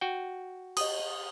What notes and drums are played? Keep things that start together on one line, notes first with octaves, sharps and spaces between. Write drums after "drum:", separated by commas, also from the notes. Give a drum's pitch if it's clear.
F#4 G5
D#5 D#6, drum: cymbal